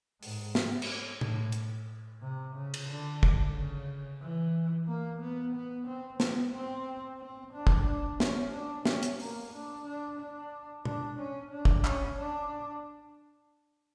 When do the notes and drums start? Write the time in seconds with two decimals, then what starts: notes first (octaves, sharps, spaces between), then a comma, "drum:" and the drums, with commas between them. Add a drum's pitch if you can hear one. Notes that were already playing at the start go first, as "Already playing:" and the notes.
0.23 G#2, drum: open hi-hat
0.55 drum: snare
0.82 drum: cymbal
1.21 A2, drum: tom
1.52 drum: hi-hat
2.21 C3
2.55 C#3
2.74 drum: cymbal
2.88 D3
3.23 drum: kick
3.54 C#3
4.21 E3
4.87 A#3
5.21 B3
5.54 B3
5.87 C4
6.20 B3, drum: snare
6.53 C4
7.20 C4
7.54 D4
7.67 drum: kick
7.87 D4
8.20 C#4, drum: snare
8.53 D4
8.85 C#4, drum: snare
9.03 drum: hi-hat
9.20 A#3, drum: open hi-hat
9.52 D4
9.85 D4
10.19 D4
10.85 D4, drum: tom
11.19 C#4
11.51 D4
11.65 drum: kick
11.85 C#4, drum: clap
12.18 D4